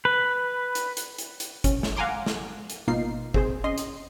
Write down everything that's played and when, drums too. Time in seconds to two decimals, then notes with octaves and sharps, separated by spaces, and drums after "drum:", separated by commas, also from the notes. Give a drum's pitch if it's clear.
0.05 B4
0.75 drum: hi-hat
0.97 drum: hi-hat
1.18 drum: hi-hat
1.40 drum: hi-hat
1.64 C#4, drum: kick G1, hi-hat
1.83 drum: snare
1.97 F5 F#5 G#5 A#5 C6 D6
2.26 drum: snare
2.70 drum: hi-hat
2.88 G#1 B2 A#3 D#4 F4 C7
3.34 C4 G#4 C5, drum: kick G1
3.64 C#4 D#5 C6
3.78 drum: hi-hat